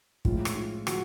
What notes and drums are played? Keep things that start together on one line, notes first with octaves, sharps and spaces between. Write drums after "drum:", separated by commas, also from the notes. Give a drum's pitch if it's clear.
A2 F3 G#3 F4, drum: kick
drum: rim click
F4
F3 G#3 F#4, drum: rim click